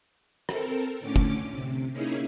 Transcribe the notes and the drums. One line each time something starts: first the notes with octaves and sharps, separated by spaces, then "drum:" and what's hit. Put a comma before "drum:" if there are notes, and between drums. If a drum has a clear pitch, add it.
C4 A4 A#4, drum: rim click
A2 D3 C#4 D6
drum: kick
C3
A#3 C#4 D#4 E4 G#4